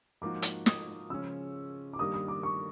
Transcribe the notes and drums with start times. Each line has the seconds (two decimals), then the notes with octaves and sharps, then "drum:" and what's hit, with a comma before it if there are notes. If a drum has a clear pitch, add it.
0.21 G#2 F3 A#3 D#4 F#4 D6
0.42 drum: hi-hat
0.66 D#6, drum: snare
1.10 C#3 F3 G#3 C#4 E6
1.93 D6
1.99 G2 D#3 G3 A#3 D#6
2.14 D#6
2.28 D6
2.43 C#6